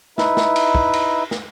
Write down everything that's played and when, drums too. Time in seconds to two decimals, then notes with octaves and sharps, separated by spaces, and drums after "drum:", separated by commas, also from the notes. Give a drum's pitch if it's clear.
0.18 D#4 E4 B4 E5, drum: snare
0.37 drum: snare
0.56 drum: cymbal
0.75 drum: kick
0.93 drum: cymbal
1.31 drum: snare